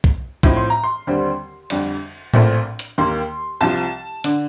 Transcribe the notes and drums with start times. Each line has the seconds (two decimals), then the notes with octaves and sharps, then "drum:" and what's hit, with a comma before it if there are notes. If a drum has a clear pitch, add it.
0.04 drum: kick B1
0.43 A2 F3 C4 D#4, drum: kick B1
0.57 C6
0.70 A#5
0.84 C6
1.07 D#2 D3 G3 C4
1.70 F2 D3 G3 D4, drum: cymbal
2.34 A#1 A#2 A3 C4, drum: tom A2
2.79 drum: hi-hat
2.98 D#2 D#3 A#3 C6
3.61 C2 C3 F3 A5
4.24 D3, drum: hi-hat